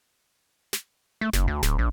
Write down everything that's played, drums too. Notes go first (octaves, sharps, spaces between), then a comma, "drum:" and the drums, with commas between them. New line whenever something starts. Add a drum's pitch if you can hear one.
drum: snare
A3
F#1, drum: snare
D2
D1, drum: snare
A#1